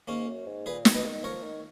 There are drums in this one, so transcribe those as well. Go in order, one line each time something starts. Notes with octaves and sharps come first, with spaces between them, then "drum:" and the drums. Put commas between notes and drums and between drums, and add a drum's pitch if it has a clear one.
G#2 A#3 C#4
F#2
G#2
A#2 G#4 B4
B2, drum: snare
B4 D#5
D#3
F3 A#4 C#5
D#3